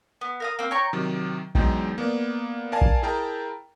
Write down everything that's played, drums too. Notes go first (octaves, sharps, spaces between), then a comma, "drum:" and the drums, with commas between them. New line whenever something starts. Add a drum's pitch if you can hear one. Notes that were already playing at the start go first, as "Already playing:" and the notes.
B3
A#4 F5 D#6
A#3 C4
C#5 G5 A#5 C#6
C3 D#3 F#3
E2 F#3 G#3 D#4 G5, drum: kick A#1
A#3 B3 D5
A#4 D5 F5 G#5 A5
drum: kick A#1
E4 G#4 A#4 G5 A5 A#5